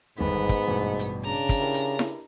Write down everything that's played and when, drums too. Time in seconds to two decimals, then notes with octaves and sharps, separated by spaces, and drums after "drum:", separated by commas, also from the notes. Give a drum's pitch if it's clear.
0.18 G1 G#2 D#3 B3
0.49 drum: kick, hi-hat
0.68 A1 G2 B2
0.99 drum: hi-hat
1.24 C#3 D4 A#5
1.49 drum: kick, hi-hat
1.59 E4 G4 A#4
1.74 drum: hi-hat
1.99 drum: snare E4